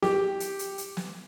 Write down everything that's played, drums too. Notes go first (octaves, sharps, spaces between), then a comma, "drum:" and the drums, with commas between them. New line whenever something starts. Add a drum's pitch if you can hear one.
G4, drum: snare
drum: hi-hat
drum: hi-hat
drum: hi-hat
drum: snare